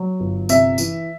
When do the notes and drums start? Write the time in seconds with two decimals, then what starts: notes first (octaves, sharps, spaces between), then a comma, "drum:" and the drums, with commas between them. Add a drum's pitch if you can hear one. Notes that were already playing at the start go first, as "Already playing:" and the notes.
Already playing: F#3
0.20 G1
0.49 C3 E5, drum: tambourine
0.78 E3, drum: tambourine